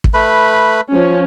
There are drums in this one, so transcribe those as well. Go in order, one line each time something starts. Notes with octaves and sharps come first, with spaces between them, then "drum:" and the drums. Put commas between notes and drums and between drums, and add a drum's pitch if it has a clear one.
drum: kick
A3 B4 B5
F3 C#4